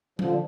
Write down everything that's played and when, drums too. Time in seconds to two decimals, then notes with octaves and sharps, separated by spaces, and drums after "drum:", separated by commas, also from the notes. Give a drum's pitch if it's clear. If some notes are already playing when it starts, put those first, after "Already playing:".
0.19 D3 F3, drum: tom F3